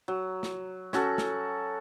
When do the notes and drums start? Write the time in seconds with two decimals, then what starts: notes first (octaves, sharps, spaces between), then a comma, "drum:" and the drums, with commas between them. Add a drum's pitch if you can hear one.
0.08 F#3
0.43 drum: snare
0.93 C#4 F#4 A4, drum: snare
1.18 drum: snare